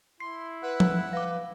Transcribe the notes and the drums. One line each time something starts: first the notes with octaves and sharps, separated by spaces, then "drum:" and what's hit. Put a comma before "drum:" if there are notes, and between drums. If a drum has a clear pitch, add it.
E4 C6 C7
B4 F#5 E6 F#6
drum: tom F3
B4 F5 D6